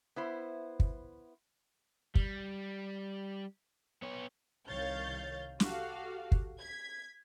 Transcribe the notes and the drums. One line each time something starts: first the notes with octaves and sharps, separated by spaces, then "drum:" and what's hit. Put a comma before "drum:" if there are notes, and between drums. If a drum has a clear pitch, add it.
B3 E4 C5
drum: kick
G3, drum: kick
B3 C#5
C2 D#3 C#5 F5 G6 A6
F#4 G4 A4 F5, drum: snare
drum: kick
G#6 B6